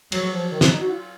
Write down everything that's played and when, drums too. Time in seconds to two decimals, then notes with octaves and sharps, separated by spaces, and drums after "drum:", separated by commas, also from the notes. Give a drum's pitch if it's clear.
0.12 F#3, drum: cymbal
0.32 F3
0.51 D#3
0.61 F3, drum: snare
0.71 D#4
0.81 F#4
0.90 F4